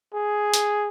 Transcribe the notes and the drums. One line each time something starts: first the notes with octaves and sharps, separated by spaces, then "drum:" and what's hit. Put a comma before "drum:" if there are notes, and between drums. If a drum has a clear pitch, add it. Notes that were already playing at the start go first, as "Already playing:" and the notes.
G#4
drum: hi-hat